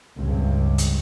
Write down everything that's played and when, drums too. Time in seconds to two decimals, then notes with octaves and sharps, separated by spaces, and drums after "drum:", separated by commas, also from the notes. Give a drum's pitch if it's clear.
0.17 C#2 G2 C3
0.78 drum: hi-hat